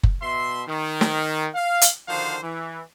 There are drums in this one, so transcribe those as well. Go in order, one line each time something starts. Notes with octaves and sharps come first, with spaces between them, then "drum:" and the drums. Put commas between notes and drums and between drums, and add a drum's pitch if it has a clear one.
drum: kick F#1
B2 E5 C6
D#3
drum: snare
F5
drum: hi-hat
D3 D#3 F3 F#4 C5 F5
E3